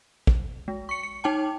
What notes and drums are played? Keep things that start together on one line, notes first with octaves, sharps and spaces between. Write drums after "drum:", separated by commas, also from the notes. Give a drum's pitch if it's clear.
drum: kick
G#3
C#6 C#7
C#7
D#4 G5 A5